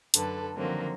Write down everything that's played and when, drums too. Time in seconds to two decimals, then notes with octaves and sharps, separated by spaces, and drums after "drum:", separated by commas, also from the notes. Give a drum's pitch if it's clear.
0.14 F#2 D3 A4 B4, drum: hi-hat
0.54 D3 D#3 F3 F#3 A#3 C4